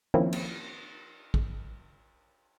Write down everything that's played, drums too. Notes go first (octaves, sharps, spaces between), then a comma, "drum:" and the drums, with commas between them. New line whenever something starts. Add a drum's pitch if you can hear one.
D#3 F3 A#3 C4 C#4 E4
drum: cymbal
drum: kick